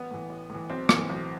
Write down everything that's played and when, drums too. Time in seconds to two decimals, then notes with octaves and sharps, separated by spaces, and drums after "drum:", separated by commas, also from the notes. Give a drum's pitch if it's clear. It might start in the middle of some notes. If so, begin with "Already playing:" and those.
Already playing: A1 B3
0.11 A2 E3
0.29 A1
0.50 A2 E3
0.70 B1 C4
0.89 A2 E3, drum: rim click
1.09 B1